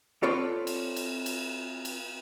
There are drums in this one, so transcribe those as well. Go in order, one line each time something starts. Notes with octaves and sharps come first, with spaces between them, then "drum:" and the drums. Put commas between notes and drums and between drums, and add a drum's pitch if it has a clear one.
C4 F4 A4 B4 C#5 D5
drum: cymbal
drum: cymbal
drum: cymbal
drum: cymbal